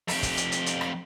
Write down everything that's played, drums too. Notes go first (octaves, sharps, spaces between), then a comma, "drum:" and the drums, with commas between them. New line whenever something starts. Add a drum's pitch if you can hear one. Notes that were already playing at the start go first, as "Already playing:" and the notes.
F2 G4, drum: open hi-hat
drum: kick, hi-hat
drum: hi-hat
drum: hi-hat
drum: hi-hat
drum: rim click